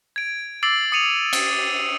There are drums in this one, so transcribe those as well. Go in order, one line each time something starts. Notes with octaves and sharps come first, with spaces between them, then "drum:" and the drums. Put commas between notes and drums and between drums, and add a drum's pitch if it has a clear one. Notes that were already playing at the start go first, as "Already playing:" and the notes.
G#6 D7
D6 E6 A6 C7 D7 F#7
D#6 C#7 D#7 F7
drum: cymbal